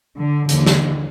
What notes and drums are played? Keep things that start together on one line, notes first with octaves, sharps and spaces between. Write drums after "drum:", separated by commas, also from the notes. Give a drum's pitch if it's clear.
D3
D#2 D3 E3, drum: hi-hat
drum: snare